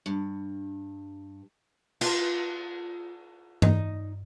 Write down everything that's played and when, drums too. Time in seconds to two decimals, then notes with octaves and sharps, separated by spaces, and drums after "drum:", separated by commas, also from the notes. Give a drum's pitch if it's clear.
0.06 G2
2.01 F4, drum: cymbal
3.62 D#4, drum: tom G2